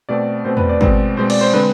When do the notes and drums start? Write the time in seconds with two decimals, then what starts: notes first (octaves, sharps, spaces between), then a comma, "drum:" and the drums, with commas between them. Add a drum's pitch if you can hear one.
0.09 B2 A3 C4 D5
0.45 B2 A3 C4 C5
0.57 B4, drum: tom E2
0.69 D5
0.81 B2 G#3 C4, drum: kick G#1
1.17 B2 G#3 C4 C5
1.30 D5, drum: cymbal
1.41 C5
1.53 D3 G#3 C4 B4